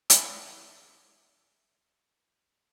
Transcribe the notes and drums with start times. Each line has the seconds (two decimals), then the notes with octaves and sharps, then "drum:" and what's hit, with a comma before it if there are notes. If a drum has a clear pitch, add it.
0.10 C5 E5 G#5 B5 C6, drum: hi-hat